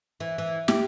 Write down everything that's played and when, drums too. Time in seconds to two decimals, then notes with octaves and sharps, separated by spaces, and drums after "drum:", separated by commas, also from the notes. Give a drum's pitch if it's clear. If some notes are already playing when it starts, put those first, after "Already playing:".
0.20 E3
0.38 E3
0.68 G4, drum: snare